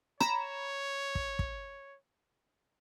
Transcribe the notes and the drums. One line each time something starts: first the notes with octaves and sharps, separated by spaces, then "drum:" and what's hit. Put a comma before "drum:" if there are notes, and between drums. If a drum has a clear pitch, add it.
C#5 A#5 B5 E7, drum: rim click
drum: kick
drum: kick